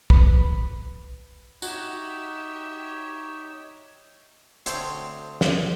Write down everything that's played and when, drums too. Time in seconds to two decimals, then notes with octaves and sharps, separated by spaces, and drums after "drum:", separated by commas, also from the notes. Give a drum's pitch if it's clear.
0.10 B4, drum: kick
1.62 D#4 F#4 G4 C#5 E5, drum: tambourine
4.66 D2 C4 D4 C5 C#5 G5, drum: hi-hat
5.41 drum: snare